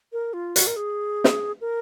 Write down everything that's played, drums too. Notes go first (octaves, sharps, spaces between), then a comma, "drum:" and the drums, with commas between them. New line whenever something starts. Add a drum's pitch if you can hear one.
A#4
F4
F#4, drum: hi-hat
A#4
G#4
drum: snare
A#4